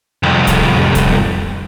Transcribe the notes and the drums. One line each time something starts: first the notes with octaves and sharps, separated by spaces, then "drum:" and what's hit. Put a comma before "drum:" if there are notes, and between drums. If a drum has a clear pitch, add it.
C2 F2
drum: kick, hi-hat
drum: kick, hi-hat